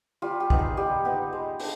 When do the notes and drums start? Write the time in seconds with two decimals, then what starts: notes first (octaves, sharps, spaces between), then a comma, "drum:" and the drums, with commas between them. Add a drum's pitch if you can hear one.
0.22 G3 F4
0.40 G4
0.50 B3 D#4, drum: kick A#1
0.59 G#4
0.77 G3 G4
1.05 B3 D#4
1.33 G#3
1.59 D4, drum: open hi-hat